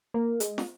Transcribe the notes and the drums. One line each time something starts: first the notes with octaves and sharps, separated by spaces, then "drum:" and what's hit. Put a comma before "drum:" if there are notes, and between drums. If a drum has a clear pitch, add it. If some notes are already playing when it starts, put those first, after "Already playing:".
A#3
G#3, drum: hi-hat
drum: snare